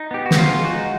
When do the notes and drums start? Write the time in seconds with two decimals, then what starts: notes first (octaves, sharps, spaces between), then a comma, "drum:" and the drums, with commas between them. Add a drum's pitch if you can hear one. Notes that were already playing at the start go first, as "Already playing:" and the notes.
Already playing: D#4
0.11 B3 G4
0.26 F#4
0.31 G#3, drum: snare
0.37 F4
0.51 G#3
0.65 F#4
0.71 D#4